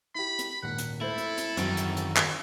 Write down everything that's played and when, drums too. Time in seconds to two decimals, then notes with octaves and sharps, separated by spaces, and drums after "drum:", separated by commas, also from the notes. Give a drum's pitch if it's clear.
0.15 E4 G4 B5
0.39 drum: hi-hat
0.62 D#1 G#2 F#5 B6
0.78 drum: hi-hat
1.01 A3 E4 A4 C5
1.18 drum: hi-hat
1.38 drum: hi-hat
1.57 F#2 D#3 E3 C4 C5 D7, drum: hi-hat
1.77 drum: hi-hat
1.97 drum: hi-hat
2.17 drum: clap